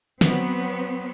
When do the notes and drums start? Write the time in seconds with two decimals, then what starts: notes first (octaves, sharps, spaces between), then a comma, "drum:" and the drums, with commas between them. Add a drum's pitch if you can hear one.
0.21 F#3 B3 C4, drum: snare